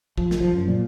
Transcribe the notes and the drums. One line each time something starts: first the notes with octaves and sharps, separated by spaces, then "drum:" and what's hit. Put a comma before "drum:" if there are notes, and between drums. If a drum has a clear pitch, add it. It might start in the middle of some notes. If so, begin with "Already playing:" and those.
F3, drum: kick A1
drum: snare
F3
F#2
A#2